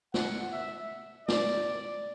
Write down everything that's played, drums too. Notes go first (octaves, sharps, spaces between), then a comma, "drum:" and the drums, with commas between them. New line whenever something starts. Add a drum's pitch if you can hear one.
F#5, drum: snare
E5
D5, drum: snare